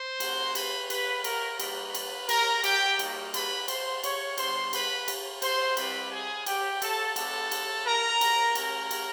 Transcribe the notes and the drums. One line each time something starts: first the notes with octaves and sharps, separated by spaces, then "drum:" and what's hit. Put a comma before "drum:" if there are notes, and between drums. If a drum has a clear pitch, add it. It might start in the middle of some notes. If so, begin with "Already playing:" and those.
Already playing: C5 C6
A#3 C#4 F#4, drum: cymbal
B4 B5, drum: cymbal
B4 B5, drum: cymbal
A#4 A#5, drum: cymbal
G3 A#3 D#4 F#4 B4 B5, drum: cymbal
drum: cymbal
A#4 A#5, drum: cymbal
G4 G5, drum: cymbal
G3 A#3 D#4 F#4, drum: cymbal
B4 B5, drum: cymbal
C5 C6, drum: cymbal
C#5 C#6, drum: cymbal
G3 B3 D4 C5 C6, drum: cymbal
B4 B5, drum: cymbal
drum: cymbal
C5 C6, drum: cymbal
G3 C4 E4 G4 B4 B5, drum: cymbal
G#4 G#5
G4 G5, drum: cymbal
A4 A5, drum: cymbal
G#3 B3 D4 G4 A4 A5, drum: cymbal
drum: cymbal
A#4 A#5
drum: cymbal
A3 C#4 F#4 A#4 A#5, drum: cymbal
drum: cymbal